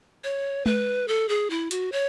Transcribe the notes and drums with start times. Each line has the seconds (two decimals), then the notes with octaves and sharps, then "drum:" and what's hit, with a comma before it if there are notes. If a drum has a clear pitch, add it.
0.24 C#5
0.66 B4, drum: tom G#3
1.08 A4
1.29 G#4
1.50 E4
1.71 F#4, drum: hi-hat
1.92 C#5